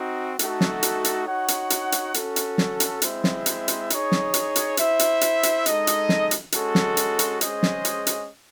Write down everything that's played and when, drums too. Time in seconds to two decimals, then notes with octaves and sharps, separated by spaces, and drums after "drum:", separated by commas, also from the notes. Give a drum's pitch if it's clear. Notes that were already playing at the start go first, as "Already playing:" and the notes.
Already playing: C4 D#4 F#4
0.39 A3 D#4 F#4 A4, drum: hi-hat
0.61 drum: snare
0.83 drum: hi-hat
1.05 drum: hi-hat
1.26 D#4 F#4 C#5 F#5
1.48 drum: hi-hat
1.70 drum: hi-hat
1.92 drum: hi-hat
2.14 C#4 F#4 A4, drum: hi-hat
2.36 drum: hi-hat
2.58 drum: snare
2.80 drum: hi-hat
3.02 G#3 C4 E4 C5 E5, drum: hi-hat
3.24 drum: snare
3.46 drum: hi-hat
3.68 drum: hi-hat
3.90 D#4 G#4 C#5, drum: hi-hat
4.12 drum: snare
4.34 drum: hi-hat
4.56 drum: hi-hat
4.77 E4 C5 E5, drum: hi-hat
4.99 drum: hi-hat
5.21 drum: hi-hat
5.43 drum: hi-hat
5.66 G#3 D#4 A4 D#5, drum: hi-hat
5.87 drum: hi-hat
6.09 drum: snare
6.31 drum: hi-hat
6.52 G#3 C#4 F#4 A4, drum: hi-hat
6.75 drum: snare
6.97 drum: hi-hat
7.19 drum: hi-hat
7.41 G#3 C#4 G#4 C5 D#5, drum: hi-hat
7.63 drum: snare
7.85 drum: hi-hat
8.07 drum: hi-hat